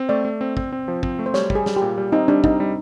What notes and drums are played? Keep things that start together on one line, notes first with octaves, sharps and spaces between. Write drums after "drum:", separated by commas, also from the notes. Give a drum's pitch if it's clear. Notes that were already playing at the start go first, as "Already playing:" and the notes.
Already playing: C4
A3 D5
A3
C4
C4, drum: kick
C4
F3
C4, drum: kick
A3
C5
G3 C#5, drum: snare
G3, drum: kick
G#4
G3, drum: snare
G4
A#2
G3
C4 D#4
G3 D4
C4 D#4, drum: kick
G3